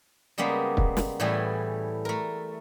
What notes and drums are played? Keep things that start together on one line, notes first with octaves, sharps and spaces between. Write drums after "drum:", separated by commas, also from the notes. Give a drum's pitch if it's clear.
C#3 G3 G#3 A#3 B3
drum: kick
drum: snare
A2 E3 G3 A3 E4 G#4
A3 A#4